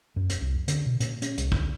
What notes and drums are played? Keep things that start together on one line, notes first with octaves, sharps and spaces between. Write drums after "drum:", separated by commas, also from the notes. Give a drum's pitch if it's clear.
F#2
E1, drum: hi-hat
C2
F2
D3, drum: hi-hat
B2
A#2, drum: hi-hat
C#4, drum: hi-hat
C2, drum: hi-hat
D2, drum: kick